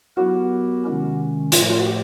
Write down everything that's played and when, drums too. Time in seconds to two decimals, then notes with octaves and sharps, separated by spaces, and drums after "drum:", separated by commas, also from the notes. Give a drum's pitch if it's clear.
0.17 F#3 B3 E4 F#4 G4 A#4
0.85 C3 D#3 G#3 C#4
1.52 A2 F3 A3 F4, drum: hi-hat
1.69 F4
1.78 F#4
1.86 G4